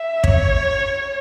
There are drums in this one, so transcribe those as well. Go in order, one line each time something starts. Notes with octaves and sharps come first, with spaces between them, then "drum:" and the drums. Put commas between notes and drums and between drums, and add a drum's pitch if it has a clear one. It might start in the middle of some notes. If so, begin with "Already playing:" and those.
Already playing: E5
C#5, drum: kick